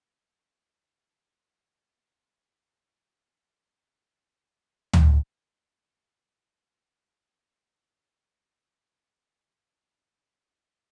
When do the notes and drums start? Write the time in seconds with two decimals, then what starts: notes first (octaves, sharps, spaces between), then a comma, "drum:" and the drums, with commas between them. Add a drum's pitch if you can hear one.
0.07 D#4 F4 C#5
0.26 A2 E3 F#3
0.63 A4 G5
0.84 G3
1.16 C#4 E5
1.32 C3 D#4
1.63 G3 C4
2.60 D#3 F3 G3 C#4 E4
4.04 D3 F3 B3 D4 A4
4.93 drum: tom
5.86 D#4
6.16 D#4 E6
6.47 C#4 B4 D#5
6.75 E4 F#4 A#4 G5 A5 D6
7.02 F#4 G4 A#4 D#5 G5 G#5
7.53 A#3
8.25 C#5 G5 D6
9.21 G3 G#3 G#4 F5